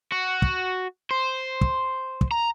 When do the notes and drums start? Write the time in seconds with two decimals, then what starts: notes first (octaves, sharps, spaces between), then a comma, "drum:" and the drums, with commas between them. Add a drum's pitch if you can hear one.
0.12 F#4
0.42 drum: kick
1.11 C5
1.61 drum: kick
2.21 drum: kick
2.31 A#5